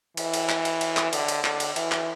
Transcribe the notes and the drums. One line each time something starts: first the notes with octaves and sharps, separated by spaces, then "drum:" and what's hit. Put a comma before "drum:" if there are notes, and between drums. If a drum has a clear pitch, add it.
E3, drum: cymbal
drum: cymbal
drum: clap
drum: cymbal
drum: cymbal
drum: clap
D3, drum: cymbal
drum: cymbal
D3, drum: clap
drum: cymbal
E3, drum: cymbal
drum: clap